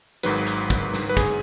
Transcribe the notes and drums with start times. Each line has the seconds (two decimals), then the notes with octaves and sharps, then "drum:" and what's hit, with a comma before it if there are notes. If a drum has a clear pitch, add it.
0.23 G#1 G#2 D#3 F#3 B4, drum: hi-hat
0.47 drum: hi-hat
0.70 drum: kick, hi-hat
0.94 drum: snare
1.09 B4
1.17 G#4, drum: kick, hi-hat